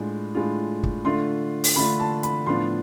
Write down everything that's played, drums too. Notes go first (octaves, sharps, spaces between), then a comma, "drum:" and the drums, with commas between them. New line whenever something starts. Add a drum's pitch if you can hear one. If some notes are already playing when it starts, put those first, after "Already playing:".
Already playing: A2 G#3 D4 F4
A2 G#3 D4 F4
drum: kick
D3 A3 D4 F4 C6
drum: open hi-hat
D3 A3 D4 F4 B5
A5
B5, drum: hi-hat
A2 F3 B3 D4 F4 C6